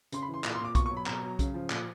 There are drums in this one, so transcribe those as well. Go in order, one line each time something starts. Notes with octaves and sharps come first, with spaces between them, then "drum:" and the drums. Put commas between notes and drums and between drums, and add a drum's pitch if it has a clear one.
C#3 C6, drum: hi-hat
B5
E3
C6
A#2, drum: clap
C6
A#2 D6
B2 C#6, drum: kick B1, hi-hat
C#6
F#3
B5
B2 A#5, drum: clap
F#3
C#3, drum: kick B1, hi-hat
F3
A#2, drum: clap